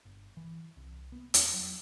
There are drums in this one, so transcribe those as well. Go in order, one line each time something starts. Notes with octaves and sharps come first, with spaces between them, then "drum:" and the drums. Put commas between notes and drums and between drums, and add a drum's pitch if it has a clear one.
G1
E3
C2
B3
E2, drum: hi-hat
F#3